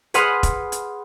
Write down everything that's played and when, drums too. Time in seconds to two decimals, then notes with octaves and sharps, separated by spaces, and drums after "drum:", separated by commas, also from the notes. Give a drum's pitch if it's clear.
0.14 G#4 B4 F#5 C6 D#6 F6, drum: hi-hat
0.43 drum: kick E1, hi-hat
0.72 drum: hi-hat